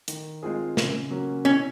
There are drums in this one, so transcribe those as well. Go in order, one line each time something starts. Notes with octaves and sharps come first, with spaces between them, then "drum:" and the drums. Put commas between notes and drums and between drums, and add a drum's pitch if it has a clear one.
D#3, drum: hi-hat
G#3 C4 F4 G#4
C#3, drum: snare
F#3 A#3 C#4
E3 C#4